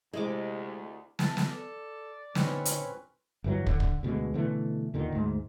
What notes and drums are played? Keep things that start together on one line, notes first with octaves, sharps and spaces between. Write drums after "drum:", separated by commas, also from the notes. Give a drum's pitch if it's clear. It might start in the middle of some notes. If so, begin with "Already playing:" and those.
D2 C3 G#3 E4 D#5 D6
E4 A5, drum: snare
drum: snare
A4 D5
A#2 D3 C4 C#4 D#4 B4 C#5, drum: snare
drum: hi-hat
G1 G2 E3 F#3
D3, drum: kick
drum: kick
D2 B2 D3 G#3
B2 D3 E3 A3
D#2 A#2 D3 D#3
D2 G#2